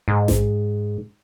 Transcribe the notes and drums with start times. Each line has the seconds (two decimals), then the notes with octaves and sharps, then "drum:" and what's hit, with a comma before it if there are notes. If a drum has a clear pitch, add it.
0.08 G#2
0.28 drum: snare A1